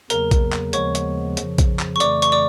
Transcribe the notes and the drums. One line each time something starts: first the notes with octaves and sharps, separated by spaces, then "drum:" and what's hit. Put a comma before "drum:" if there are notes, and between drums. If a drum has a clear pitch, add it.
E2 C#3 F#3 A#3 A#4 A#5, drum: hi-hat
drum: kick A#1, hi-hat
drum: clap
D#2 C#3 F3 G#3 B3 C#5 C#6, drum: hi-hat
drum: hi-hat
F2 C#3 F3, drum: hi-hat
drum: kick A#1, hi-hat
drum: clap
C#6
F2 C#3 E3 A3 D5 D6, drum: hi-hat
C#6, drum: hi-hat
D5 D6